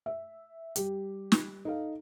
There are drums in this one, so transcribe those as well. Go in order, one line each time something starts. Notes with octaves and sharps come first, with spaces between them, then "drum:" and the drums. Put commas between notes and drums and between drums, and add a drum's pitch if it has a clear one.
E5
G3 G4, drum: hi-hat
drum: snare
D#4 A4 F5